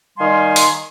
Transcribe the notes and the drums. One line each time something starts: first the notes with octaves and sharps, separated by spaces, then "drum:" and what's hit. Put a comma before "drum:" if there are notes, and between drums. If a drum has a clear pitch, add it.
D#3 G3 F5 G#5 C6
drum: open hi-hat